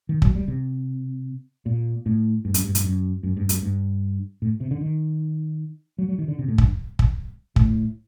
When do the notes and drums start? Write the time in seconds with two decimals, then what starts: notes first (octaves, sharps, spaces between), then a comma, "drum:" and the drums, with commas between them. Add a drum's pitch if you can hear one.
0.09 D#3
0.22 F#3, drum: kick
0.35 G3
0.48 C3
1.66 A#2
2.06 A2
2.45 G2
2.54 F#2, drum: hi-hat
2.64 G2
2.75 G2, drum: hi-hat
2.84 F#2
3.23 F#2
3.37 G2
3.49 F#2, drum: hi-hat
3.62 G2
4.42 A2
4.60 C3
4.71 D3
4.81 D#3
5.99 F#3
6.09 F#3
6.18 D#3
6.28 D3
6.39 C3
6.48 A2
6.58 G2, drum: kick
6.99 drum: kick
7.56 A2, drum: kick